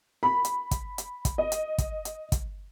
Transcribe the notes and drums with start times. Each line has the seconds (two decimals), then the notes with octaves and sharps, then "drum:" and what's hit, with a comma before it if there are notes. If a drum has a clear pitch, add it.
0.23 B5
0.45 drum: hi-hat
0.71 drum: kick, hi-hat
0.98 drum: hi-hat
1.25 drum: kick, hi-hat
1.38 D#5
1.52 drum: hi-hat
1.78 drum: kick, hi-hat
2.05 drum: hi-hat
2.32 drum: kick, hi-hat